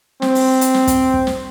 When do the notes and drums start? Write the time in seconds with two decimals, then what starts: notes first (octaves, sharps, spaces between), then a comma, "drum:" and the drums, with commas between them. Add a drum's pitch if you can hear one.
0.22 C4, drum: snare
0.35 drum: open hi-hat
0.61 drum: hi-hat
0.74 drum: snare
0.87 drum: kick, hi-hat
1.14 drum: kick
1.27 drum: snare